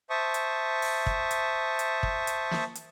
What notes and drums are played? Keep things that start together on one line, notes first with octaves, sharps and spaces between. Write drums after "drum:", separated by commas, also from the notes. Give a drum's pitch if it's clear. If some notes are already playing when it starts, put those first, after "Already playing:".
C5 E5 A5 C#6 D#6
drum: hi-hat
drum: open hi-hat
drum: kick
drum: hi-hat
drum: hi-hat
drum: kick
drum: hi-hat
drum: snare
drum: hi-hat